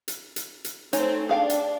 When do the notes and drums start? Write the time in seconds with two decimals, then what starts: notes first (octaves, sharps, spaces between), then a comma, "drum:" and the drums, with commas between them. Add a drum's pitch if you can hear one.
0.08 drum: hi-hat
0.36 drum: hi-hat
0.64 drum: hi-hat
0.93 A3 C4 D#4 C#5 G#5, drum: hi-hat
1.29 D4 G#4 F5 G5
1.50 drum: hi-hat